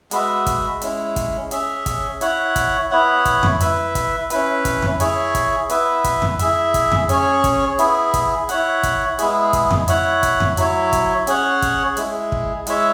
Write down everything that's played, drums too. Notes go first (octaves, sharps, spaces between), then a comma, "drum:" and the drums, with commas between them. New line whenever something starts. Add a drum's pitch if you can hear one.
G#3 B3 F#4 E5, drum: hi-hat
drum: kick, hi-hat
G#3 C#4 E4, drum: hi-hat
drum: kick, hi-hat
C#4 G#4 E5, drum: hi-hat
drum: kick, hi-hat
E4 C#5 F#5, drum: hi-hat
drum: kick, hi-hat
B3 E4 C#5 F#5
drum: kick, hi-hat
drum: tom F2
E4 B4 E5, drum: hi-hat
drum: kick, hi-hat
C#4 E4 B4, drum: hi-hat
drum: kick, hi-hat
drum: tom F2
E4 G#4 C#5, drum: hi-hat
drum: kick, hi-hat
B3 E4 B4 E5, drum: hi-hat
drum: kick, hi-hat
drum: tom F2
E4 G#4 E5, drum: hi-hat
drum: kick, hi-hat
drum: tom F2
C#4 G#4 C#5, drum: hi-hat
drum: kick, hi-hat
B3 E4 G#4, drum: hi-hat
drum: kick, hi-hat
E4 C#5 F#5, drum: hi-hat
drum: kick, hi-hat
G#3 B3 E4 G#4, drum: hi-hat
drum: kick, hi-hat
drum: tom F2
E4 C#5 F#5, drum: hi-hat
drum: kick, hi-hat
drum: tom F2
F#3 E4 C#5, drum: hi-hat
drum: kick, hi-hat
C#4 G#4 C#5 F#5, drum: hi-hat
drum: kick, hi-hat
G#3 E4 G#4, drum: hi-hat
drum: kick
G#3 E4 C#5 E5, drum: hi-hat